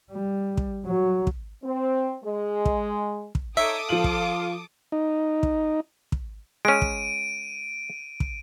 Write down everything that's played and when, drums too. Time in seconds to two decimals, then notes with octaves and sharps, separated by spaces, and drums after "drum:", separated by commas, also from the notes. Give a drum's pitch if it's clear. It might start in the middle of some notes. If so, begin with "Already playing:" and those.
0.11 G3
0.57 drum: kick
0.86 F#3
1.27 drum: kick
1.64 C4
2.25 G#3
2.65 drum: kick
3.35 drum: kick
3.57 D#4 A4 C#5 E5 D6 D#6
3.89 F3 F4 F5 F#7
4.04 drum: kick
4.92 D#4
5.43 drum: kick
6.12 drum: kick
6.65 G#3 C#4 D7 D#7
6.82 drum: kick
8.20 drum: kick